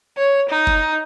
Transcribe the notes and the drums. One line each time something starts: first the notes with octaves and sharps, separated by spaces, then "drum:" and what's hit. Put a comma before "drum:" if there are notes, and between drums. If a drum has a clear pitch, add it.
C#5
D#4
drum: kick F#1